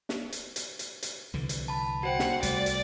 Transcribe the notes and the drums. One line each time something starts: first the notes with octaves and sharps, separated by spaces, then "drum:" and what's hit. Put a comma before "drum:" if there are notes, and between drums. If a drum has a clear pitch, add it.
drum: snare
drum: hi-hat
drum: hi-hat
drum: hi-hat
drum: hi-hat
C2 D3 E3
drum: hi-hat
A5 B5
F#4 C5 F#5 G5
drum: snare
C2 G3 A3 D5, drum: hi-hat
drum: hi-hat